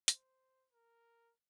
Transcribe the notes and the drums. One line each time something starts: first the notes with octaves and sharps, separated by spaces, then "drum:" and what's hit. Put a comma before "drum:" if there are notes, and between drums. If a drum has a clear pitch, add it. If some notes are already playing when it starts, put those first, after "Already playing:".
C5, drum: hi-hat
A#4